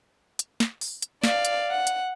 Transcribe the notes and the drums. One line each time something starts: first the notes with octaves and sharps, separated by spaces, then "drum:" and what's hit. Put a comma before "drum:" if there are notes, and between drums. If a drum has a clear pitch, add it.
drum: hi-hat
drum: snare
drum: open hi-hat
drum: hi-hat
D5 F5, drum: snare
drum: hi-hat
F#5
drum: hi-hat